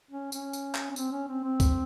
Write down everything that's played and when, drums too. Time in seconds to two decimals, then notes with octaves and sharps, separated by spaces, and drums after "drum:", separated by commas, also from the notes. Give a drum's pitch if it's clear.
0.11 C#4
0.32 C#4, drum: tambourine
0.53 drum: tambourine
0.75 drum: clap
0.91 C#4
0.96 C4, drum: tambourine
1.12 C#4
1.28 C4
1.44 C4
1.60 drum: kick C#2, tambourine